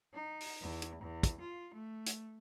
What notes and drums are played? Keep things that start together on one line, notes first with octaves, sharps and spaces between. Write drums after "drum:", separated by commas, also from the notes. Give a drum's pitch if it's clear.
D#4
drum: open hi-hat
E2
drum: hi-hat
E2
drum: kick, hi-hat
F4
A3
drum: hi-hat